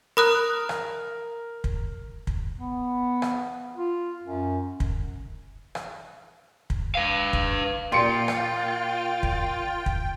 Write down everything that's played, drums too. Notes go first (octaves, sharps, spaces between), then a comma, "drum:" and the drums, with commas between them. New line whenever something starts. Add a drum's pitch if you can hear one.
A#4 B5 D#6 F#6
drum: rim click
drum: kick
drum: kick
B3
drum: rim click
F4
F#2
drum: kick
drum: rim click
drum: kick
B4 F5
drum: kick
A#2 F4 G5 C6 C#7
drum: rim click
drum: kick
drum: kick